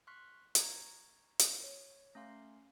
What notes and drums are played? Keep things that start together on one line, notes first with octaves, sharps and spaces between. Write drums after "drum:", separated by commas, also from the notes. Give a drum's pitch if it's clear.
C6 C#6 F6 F#6 B6
A#5 C#6 G#6, drum: hi-hat
drum: hi-hat
C#5
A3 C#4 F5 C6